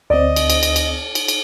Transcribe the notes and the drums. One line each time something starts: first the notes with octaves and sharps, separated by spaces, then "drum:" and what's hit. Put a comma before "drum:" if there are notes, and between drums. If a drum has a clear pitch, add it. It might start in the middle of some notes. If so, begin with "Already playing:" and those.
D2 C4 D5 D#5
drum: cymbal
drum: cymbal
drum: cymbal
drum: cymbal
drum: cymbal
drum: cymbal